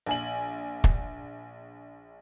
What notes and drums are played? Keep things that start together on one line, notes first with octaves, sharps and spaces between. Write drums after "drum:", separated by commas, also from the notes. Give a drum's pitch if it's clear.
A#1 G#5 F#7
drum: kick